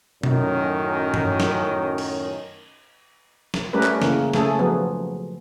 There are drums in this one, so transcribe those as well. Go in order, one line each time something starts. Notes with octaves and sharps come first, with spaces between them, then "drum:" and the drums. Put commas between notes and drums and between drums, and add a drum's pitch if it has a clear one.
F#2 A2 D#3 F#3 C#4, drum: tom B2
drum: tom G2
drum: snare
drum: cymbal
drum: snare
G3 A3 C#4 G4 A#4 B4
drum: clap
C#3 E3 A#3, drum: snare
C#3 A3 G#4 A4, drum: snare
F3 F#3 B3